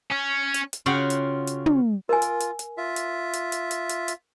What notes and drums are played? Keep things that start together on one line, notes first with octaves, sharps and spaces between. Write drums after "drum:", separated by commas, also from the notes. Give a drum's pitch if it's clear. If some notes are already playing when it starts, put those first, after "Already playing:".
C#4
drum: hi-hat
drum: hi-hat
C#3 F4 F#4 F#5 G5
drum: hi-hat
drum: hi-hat
drum: tom
F4 A#4 G#5
drum: hi-hat
drum: hi-hat
drum: hi-hat
F4 E5
drum: hi-hat
drum: hi-hat
drum: hi-hat
drum: hi-hat
drum: hi-hat
drum: hi-hat